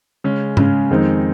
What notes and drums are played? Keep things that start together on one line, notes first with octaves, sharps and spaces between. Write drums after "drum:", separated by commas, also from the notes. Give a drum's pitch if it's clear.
C#3 G#3 C#4
C#3 G#3 C#4, drum: tom G#2
F2 D#3 G#3 C4 D#4